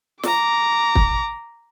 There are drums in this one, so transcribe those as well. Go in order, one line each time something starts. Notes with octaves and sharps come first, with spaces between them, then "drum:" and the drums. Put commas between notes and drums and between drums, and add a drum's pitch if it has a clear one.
A#5 D6, drum: snare
drum: kick